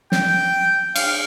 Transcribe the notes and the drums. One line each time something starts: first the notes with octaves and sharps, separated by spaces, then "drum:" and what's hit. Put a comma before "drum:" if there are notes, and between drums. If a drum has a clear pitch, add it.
G5, drum: snare
F5, drum: cymbal